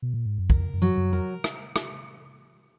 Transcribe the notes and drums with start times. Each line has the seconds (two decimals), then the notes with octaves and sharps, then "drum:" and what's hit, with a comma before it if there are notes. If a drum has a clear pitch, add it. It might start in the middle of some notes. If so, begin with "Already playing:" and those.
0.02 B2
0.14 A#2
0.26 G#2
0.38 F#2
0.50 F2 A#4, drum: kick
0.74 F#2
0.82 F#3
0.97 F#2
1.13 F2 A#4
1.44 drum: rim click
1.76 drum: rim click